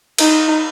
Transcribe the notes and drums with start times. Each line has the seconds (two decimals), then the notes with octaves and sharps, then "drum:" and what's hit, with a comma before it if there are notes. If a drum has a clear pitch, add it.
0.18 D#4, drum: cymbal